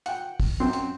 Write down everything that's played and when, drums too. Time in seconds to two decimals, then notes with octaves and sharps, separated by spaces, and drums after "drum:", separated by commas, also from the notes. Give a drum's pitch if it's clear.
0.06 F#5 G5, drum: hi-hat
0.40 drum: kick, open hi-hat
0.60 F#2 C4 C6
0.73 drum: hi-hat